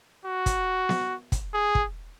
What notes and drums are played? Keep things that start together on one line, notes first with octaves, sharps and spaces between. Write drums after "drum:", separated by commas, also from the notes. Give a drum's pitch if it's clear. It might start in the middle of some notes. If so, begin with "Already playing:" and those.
F#4
drum: kick, hi-hat
drum: snare B3
drum: kick, hi-hat
G#4
drum: kick